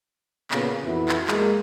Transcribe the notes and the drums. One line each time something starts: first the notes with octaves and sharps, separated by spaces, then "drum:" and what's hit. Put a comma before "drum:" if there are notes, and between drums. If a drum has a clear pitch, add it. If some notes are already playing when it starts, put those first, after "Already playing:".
A#2 C#3 A#3 B3, drum: clap
F2 E3 B3 E4 F#4
drum: clap
G#3 A#3, drum: clap